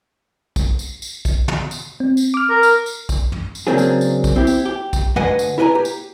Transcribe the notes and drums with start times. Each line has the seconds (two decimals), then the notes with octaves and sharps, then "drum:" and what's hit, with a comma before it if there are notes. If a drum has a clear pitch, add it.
0.56 drum: kick, tambourine
0.79 drum: tambourine
1.02 drum: tambourine
1.25 drum: kick, tambourine
1.48 drum: tom
1.71 drum: tambourine
2.00 C4
2.17 drum: tambourine
2.34 D6 F6
2.50 A#4
2.63 drum: tambourine
2.86 drum: tambourine
3.09 drum: kick, tambourine
3.32 drum: tom
3.55 drum: tambourine
3.67 C#3 F#3 A#3 C4 D4 G#4
3.78 drum: tambourine
4.01 drum: tambourine
4.24 drum: kick, tambourine
4.36 C4 E4 G4
4.47 drum: tambourine
4.66 G4
4.93 drum: kick, tambourine
5.16 D2 A3 B4 D#5 F#5 G#5, drum: tom
5.39 drum: tambourine
5.58 E4 A#4 B4 D#5 G#5 A#5
5.75 G4
5.85 drum: tambourine